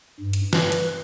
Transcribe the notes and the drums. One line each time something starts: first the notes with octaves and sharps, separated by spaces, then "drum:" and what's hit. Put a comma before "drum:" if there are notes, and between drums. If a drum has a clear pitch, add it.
G2
drum: hi-hat
B4, drum: snare
drum: hi-hat